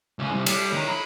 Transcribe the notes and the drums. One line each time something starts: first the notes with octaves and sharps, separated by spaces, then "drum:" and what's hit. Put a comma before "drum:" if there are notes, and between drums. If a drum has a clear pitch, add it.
C#2 C#4
C2
G3, drum: cymbal
D#3 A#5
B5